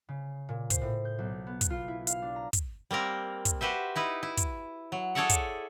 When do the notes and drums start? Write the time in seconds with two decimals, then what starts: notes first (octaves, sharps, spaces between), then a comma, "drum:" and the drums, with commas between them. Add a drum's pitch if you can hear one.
0.09 C#3
0.49 A#2
0.70 C5, drum: kick, hi-hat
0.82 A2
1.05 G6
1.19 B1
1.47 B3
1.61 drum: kick, hi-hat
1.70 F4
1.88 E4
2.07 F5, drum: hi-hat
2.22 D4
2.36 A#5
2.53 drum: kick, hi-hat
2.91 G3 A#3 C4 A#4
3.45 drum: kick, hi-hat
3.61 F#4 G4 B4 C5 E5
3.96 D#4 E4 B4
4.23 E4
4.37 drum: kick, hi-hat
4.92 F#3
5.15 G#4 A4 C#5 D5 E5 F#5
5.29 drum: kick, hi-hat